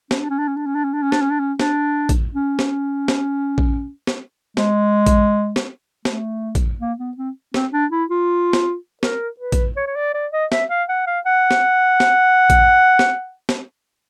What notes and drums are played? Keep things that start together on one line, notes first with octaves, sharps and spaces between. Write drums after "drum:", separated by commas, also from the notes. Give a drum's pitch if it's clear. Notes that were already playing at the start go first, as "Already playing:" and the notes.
C#4, drum: snare
D4
C#4
D4
C#4
D4
C#4
D4
C#4
D4
C#4
D4, drum: snare
C#4
D4
C#4
D4, drum: snare
drum: kick A1, hi-hat
C#4
drum: snare
drum: snare
drum: kick A1
drum: snare
G#3, drum: snare
drum: kick A1, hi-hat
drum: snare
A3, drum: snare
drum: kick A1, hi-hat
A#3
B3
C4
C4, drum: snare
D4
E4
F4
drum: snare
A#4, drum: snare
B4
drum: kick A1, hi-hat
C#5
C#5
D5
D5
D#5
E5, drum: snare
F5
F#5
F5
F#5
drum: snare
drum: snare
drum: kick A1, hi-hat
drum: snare
drum: snare